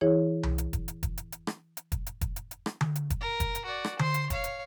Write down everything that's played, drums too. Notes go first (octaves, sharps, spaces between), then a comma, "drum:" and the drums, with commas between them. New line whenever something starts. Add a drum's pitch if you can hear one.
E3 E4 G#4 C#5
drum: tom C2
drum: hi-hat
drum: kick, hi-hat
drum: hi-hat
drum: kick, hi-hat
drum: hi-hat
drum: hi-hat
drum: rim click
drum: hi-hat
drum: kick, hi-hat
drum: hi-hat
drum: kick, hi-hat
drum: hi-hat
drum: hi-hat
drum: rim click
drum: tom D3
drum: hi-hat
drum: kick, hi-hat
A#4
drum: kick, hi-hat
drum: hi-hat
F#4 D5
drum: rim click
C5 C6, drum: tom D3
drum: hi-hat
C#5 F5, drum: kick, hi-hat
drum: hi-hat